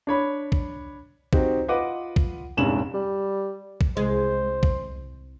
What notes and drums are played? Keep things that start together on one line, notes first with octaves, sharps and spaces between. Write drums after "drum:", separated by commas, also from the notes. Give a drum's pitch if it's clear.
D4 C#5 B5
drum: kick
C4 D#4 F#4 G4, drum: kick
F4 B4 D#5 F#5 D6
drum: kick
F1 A#1 G#2 C#4 E7 F#7
G3
drum: kick
C2 G#3 E4 C5
drum: kick